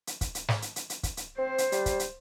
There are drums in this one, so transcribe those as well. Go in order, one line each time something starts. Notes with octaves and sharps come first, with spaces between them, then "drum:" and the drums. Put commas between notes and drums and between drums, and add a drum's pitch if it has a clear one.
drum: hi-hat
drum: kick, hi-hat
drum: hi-hat
drum: snare
drum: hi-hat
drum: hi-hat
drum: hi-hat
drum: kick, hi-hat
drum: hi-hat
C4 C5
drum: hi-hat
G3, drum: hi-hat
drum: kick, hi-hat
drum: hi-hat